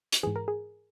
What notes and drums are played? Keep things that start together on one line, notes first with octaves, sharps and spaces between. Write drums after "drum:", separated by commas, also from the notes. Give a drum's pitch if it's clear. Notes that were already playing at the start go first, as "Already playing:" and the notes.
drum: hi-hat
G#2 E3 G#4
A#4
G#4